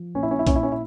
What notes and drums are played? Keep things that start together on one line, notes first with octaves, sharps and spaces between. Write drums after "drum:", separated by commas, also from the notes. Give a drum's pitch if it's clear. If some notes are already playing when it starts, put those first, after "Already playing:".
Already playing: F3
A#1 C#4
E4
C#4
E4
A#2 C#4, drum: kick A#1, hi-hat
E4
C#4
E4